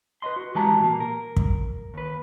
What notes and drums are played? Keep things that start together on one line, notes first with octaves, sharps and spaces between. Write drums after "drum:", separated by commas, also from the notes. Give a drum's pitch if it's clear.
B4 D5 D#5 C6
F#4
E3 G#3 F#4 G4 A5 A#5
A#2 A#3
A#4
drum: kick
D#2 B4